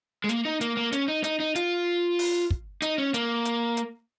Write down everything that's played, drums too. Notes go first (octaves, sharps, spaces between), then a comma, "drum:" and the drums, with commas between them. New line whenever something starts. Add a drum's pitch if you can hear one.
G#3
A#3, drum: hi-hat
D#4
A#3, drum: hi-hat
A#3
C#4, drum: hi-hat
D#4
D#4, drum: hi-hat
D#4
F4, drum: hi-hat
drum: open hi-hat
drum: kick
D#4, drum: hi-hat
C#4
A#3, drum: hi-hat
drum: hi-hat
drum: hi-hat